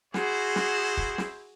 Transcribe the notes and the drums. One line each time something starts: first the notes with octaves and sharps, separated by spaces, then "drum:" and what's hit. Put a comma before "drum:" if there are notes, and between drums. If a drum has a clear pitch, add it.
E4 F#4 G#4 C5, drum: snare
drum: snare
drum: kick
drum: snare